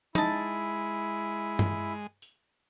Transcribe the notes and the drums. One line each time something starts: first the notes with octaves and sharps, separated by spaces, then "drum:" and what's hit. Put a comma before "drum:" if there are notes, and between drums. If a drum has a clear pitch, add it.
G#3 D#4 E4 A5, drum: tom
drum: tom G2
drum: tambourine